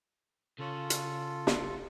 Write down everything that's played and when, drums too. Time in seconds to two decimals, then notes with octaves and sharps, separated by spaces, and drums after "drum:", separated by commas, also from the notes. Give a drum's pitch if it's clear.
0.59 C#3 F4 A4 C#5
0.90 drum: hi-hat
1.47 drum: snare